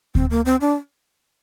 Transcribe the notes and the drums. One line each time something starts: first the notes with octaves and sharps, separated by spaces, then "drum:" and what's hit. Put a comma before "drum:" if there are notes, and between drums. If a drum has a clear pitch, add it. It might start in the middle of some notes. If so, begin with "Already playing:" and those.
C4, drum: kick D2
A#3
C4
D4